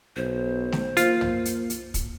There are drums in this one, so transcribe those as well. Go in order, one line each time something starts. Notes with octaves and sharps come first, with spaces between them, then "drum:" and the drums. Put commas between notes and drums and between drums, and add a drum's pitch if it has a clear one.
B1 C5
drum: snare A3
A#3 F4, drum: hi-hat
drum: tom
drum: hi-hat
drum: hi-hat
drum: kick, hi-hat